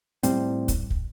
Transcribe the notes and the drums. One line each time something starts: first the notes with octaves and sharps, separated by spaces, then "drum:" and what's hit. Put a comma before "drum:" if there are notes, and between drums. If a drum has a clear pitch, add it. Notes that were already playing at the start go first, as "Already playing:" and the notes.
A2 G3 C4, drum: hi-hat
drum: kick, hi-hat
drum: kick